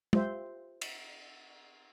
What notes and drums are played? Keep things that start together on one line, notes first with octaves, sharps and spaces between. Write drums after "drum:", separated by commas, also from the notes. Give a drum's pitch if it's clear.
F4 G4 C5 E5, drum: tom
drum: cymbal